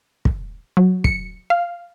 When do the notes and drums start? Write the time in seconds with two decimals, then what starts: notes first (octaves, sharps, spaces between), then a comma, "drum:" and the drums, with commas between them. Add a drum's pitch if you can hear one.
0.25 drum: kick
0.77 F#3
1.04 C#7, drum: kick
1.50 F5